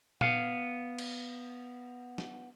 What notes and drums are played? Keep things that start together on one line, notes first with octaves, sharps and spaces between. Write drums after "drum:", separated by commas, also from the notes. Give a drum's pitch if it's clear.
B3 F5, drum: tom A#2
drum: cymbal
drum: snare